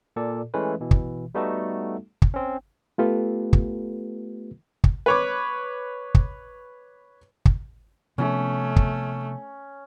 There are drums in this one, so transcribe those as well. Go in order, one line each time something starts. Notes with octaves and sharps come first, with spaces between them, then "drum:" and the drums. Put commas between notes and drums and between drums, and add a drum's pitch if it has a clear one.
A#2 A4 D5
E3 G#3 A3 C#4 B4
B2 E3
drum: kick
G3 A3 B3 D#4 F#4 A4
drum: kick
C4 C#4
A3 B3 F4 G4 A4 B4
drum: kick
drum: kick
B4 C#5 D6
drum: kick
drum: kick
C3 F3 A3 B3 C#4
drum: kick